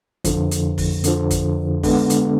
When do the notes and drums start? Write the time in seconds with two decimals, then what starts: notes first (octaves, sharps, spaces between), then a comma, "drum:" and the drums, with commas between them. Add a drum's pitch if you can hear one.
0.24 F2 D3 F3, drum: kick, hi-hat
0.51 drum: hi-hat
0.78 drum: kick, open hi-hat
1.04 F2 D3 F3, drum: hi-hat
1.31 drum: kick, hi-hat
1.83 D3 G#3 B3, drum: kick, open hi-hat
2.10 drum: hi-hat